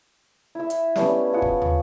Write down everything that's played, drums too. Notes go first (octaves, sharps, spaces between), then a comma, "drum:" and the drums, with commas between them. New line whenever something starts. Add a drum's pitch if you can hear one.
E4 E5
drum: hi-hat
G3 A3 B3 C#4, drum: snare
F4 G#4 F#5
drum: kick
drum: tom